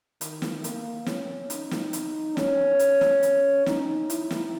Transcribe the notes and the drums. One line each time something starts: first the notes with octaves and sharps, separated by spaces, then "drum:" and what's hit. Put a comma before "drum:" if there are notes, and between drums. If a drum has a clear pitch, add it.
D#3, drum: hi-hat
drum: snare
A#3, drum: hi-hat
C#4, drum: snare
D#4, drum: hi-hat
drum: snare
drum: hi-hat
C#4, drum: snare
drum: hi-hat
drum: snare
drum: hi-hat
D#4, drum: snare
E4, drum: hi-hat
drum: snare